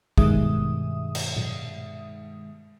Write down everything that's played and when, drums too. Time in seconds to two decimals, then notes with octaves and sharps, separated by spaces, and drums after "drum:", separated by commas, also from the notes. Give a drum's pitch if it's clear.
0.18 G2 B2 D#3 G#3 E5 D#6, drum: kick
1.15 drum: cymbal
1.36 drum: tom A#2